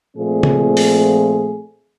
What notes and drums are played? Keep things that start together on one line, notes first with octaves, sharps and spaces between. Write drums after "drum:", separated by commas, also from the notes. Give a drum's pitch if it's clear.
A#2 F3 A3 C4 G#4
drum: tom C#3
drum: open hi-hat